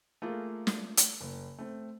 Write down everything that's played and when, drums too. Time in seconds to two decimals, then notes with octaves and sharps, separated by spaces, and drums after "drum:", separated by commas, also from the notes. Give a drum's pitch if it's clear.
0.22 A3 A#3 F4 G#4 A#4
0.67 drum: snare
0.97 drum: hi-hat
1.21 F#1
1.59 A3 C4